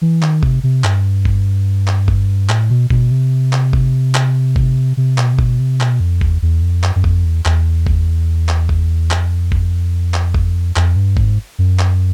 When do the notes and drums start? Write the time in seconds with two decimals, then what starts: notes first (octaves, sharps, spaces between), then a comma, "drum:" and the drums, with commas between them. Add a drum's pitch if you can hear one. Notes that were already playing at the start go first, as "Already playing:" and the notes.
0.02 E3
0.22 D#3, drum: clap
0.43 C3, drum: kick G1
0.63 C3
0.84 G2, drum: clap
1.25 drum: kick G1
1.87 drum: clap
2.08 drum: kick G1
2.49 A2, drum: clap
2.70 B2
2.90 B2, drum: kick G1
3.11 C3
3.53 drum: clap
3.73 drum: kick G1
4.15 drum: clap
4.56 drum: kick G1
4.97 C3
5.18 B2, drum: clap
5.33 C3
5.39 B2, drum: kick G1
5.60 C3
5.81 B2, drum: clap
6.00 F2
6.21 E2, drum: kick G1
6.42 E2
6.62 F2
6.83 F#2, drum: clap
6.96 F#2
7.04 F2, drum: kick G1
7.25 E2
7.45 E2, drum: clap
7.87 drum: kick G1
8.49 drum: clap
8.69 drum: kick G1
9.11 F2, drum: clap
9.52 drum: kick G1
10.14 drum: clap
10.34 drum: kick G1
10.76 F2, drum: clap
10.96 G2
11.17 G#2, drum: kick G1
11.59 F#2
11.79 drum: clap